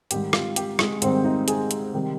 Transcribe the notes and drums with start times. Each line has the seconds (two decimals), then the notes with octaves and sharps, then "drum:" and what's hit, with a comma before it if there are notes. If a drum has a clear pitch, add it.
0.11 G#2 D#3 G3 G4, drum: hi-hat
0.33 F4, drum: rim click
0.56 G4, drum: hi-hat
0.79 G#3 G#4, drum: rim click
1.02 G#2 D#3 G3 C4 C5, drum: hi-hat
1.24 D#4 D#5
1.48 G#4 G#5, drum: hi-hat
1.71 drum: hi-hat
1.93 C3 D#3 G3